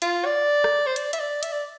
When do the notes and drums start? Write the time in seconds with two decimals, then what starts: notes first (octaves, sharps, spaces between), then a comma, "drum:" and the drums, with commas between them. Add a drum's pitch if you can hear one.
0.02 F4, drum: hi-hat
0.25 D5
0.64 drum: rim click
0.87 C5
0.96 D5, drum: hi-hat
1.13 E5, drum: hi-hat
1.19 D5
1.43 E5, drum: hi-hat
1.52 D5